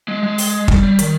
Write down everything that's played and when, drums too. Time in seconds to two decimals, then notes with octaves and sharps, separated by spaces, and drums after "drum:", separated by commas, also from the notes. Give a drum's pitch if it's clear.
0.08 G#3
0.23 G#3
0.38 drum: open hi-hat
0.68 G3, drum: kick
0.83 G3
0.99 D#3, drum: hi-hat